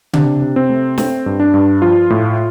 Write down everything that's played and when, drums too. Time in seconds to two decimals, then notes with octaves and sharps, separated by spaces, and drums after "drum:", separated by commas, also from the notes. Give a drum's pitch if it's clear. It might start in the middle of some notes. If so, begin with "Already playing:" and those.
0.13 C3 D4, drum: tom C#3
0.42 C3
0.56 C4
0.69 A3
0.98 A3 C4, drum: snare
1.26 G2
1.40 D4
1.54 G2
1.82 F3 F4
2.10 A2